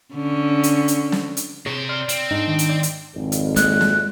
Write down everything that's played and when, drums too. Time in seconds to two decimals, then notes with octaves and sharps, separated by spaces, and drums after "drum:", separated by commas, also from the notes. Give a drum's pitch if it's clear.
0.14 D3 C#4
0.63 drum: hi-hat
0.88 drum: hi-hat
1.12 drum: snare
1.37 drum: hi-hat
1.66 C3 G#4 C5 C#5
1.89 D5 C6 F6
2.09 C4, drum: hi-hat
2.31 G#2 D4 D#4
2.48 D#3 D#5
2.59 drum: hi-hat
2.70 D5 G5
2.83 drum: hi-hat
3.15 G#1 F2
3.32 drum: hi-hat
3.56 G#3 A#3 F#6, drum: hi-hat
3.81 drum: snare